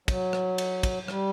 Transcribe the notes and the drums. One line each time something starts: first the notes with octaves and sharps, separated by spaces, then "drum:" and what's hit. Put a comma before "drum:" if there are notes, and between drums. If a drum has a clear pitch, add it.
F#3, drum: kick, cymbal
drum: rim click
drum: cymbal
drum: kick, cymbal
F#3
G3, drum: rim click